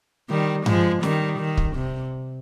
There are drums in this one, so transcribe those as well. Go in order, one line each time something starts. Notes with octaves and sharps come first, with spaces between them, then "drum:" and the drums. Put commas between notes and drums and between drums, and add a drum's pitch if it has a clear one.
D#3 G3
F3 G#3, drum: tom G2
D#3 G3, drum: snare
D#3
drum: kick
C3